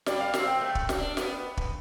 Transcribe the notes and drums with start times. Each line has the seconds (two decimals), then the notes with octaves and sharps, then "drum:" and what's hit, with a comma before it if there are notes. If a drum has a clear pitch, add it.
0.06 G3 D5, drum: snare
0.20 F5
0.34 C4 F5, drum: snare
0.48 G5
0.61 A3
0.75 drum: kick
0.89 drum: snare
0.99 D4
1.17 B3, drum: snare
1.57 drum: kick